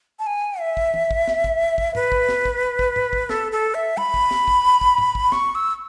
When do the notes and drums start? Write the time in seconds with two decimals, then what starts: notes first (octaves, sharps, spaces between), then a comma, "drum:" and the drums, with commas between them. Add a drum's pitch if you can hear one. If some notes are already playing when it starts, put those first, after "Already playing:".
0.19 A5
0.26 G#5
0.60 E5
0.77 drum: kick
0.94 drum: tom
1.11 drum: kick
1.27 drum: snare
1.44 drum: kick
1.78 drum: kick
1.95 B4, drum: tom G#2
2.12 drum: kick
2.29 drum: snare
2.45 drum: kick
2.79 drum: kick
2.96 drum: tom G#2
3.13 drum: kick
3.29 A4, drum: snare
3.52 A4
3.74 E5
3.97 B5, drum: tom
4.14 drum: kick
4.31 drum: snare
4.48 drum: kick
4.81 drum: kick
4.98 drum: tom G#2
5.15 drum: kick
5.32 C#6, drum: snare
5.55 E6